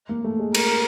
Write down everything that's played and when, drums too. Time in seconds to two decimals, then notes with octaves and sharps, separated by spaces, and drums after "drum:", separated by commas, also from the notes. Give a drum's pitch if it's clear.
0.09 A#3
0.24 A3
0.39 G#3
0.54 A#4, drum: cymbal